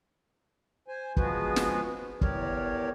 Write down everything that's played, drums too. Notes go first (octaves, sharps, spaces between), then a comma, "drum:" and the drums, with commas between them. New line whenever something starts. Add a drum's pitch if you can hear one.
C5 G#5
F3 G#3 B3 F#4 G#4 B4, drum: kick
drum: snare
E2 G4 A#4 C#5 D5, drum: kick